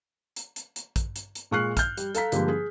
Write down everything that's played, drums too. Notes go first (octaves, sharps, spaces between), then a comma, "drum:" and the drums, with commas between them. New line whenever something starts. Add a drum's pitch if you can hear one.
drum: hi-hat
drum: hi-hat
drum: hi-hat
drum: kick, hi-hat
drum: hi-hat
drum: hi-hat
A#2 G#3 C#6 F6 F#6 C7
F6 G6, drum: kick, hi-hat
G3, drum: hi-hat
A4 F5 A#5 B6, drum: hi-hat
G2 D3 F3 G3 G#3 A#3, drum: hi-hat
G#4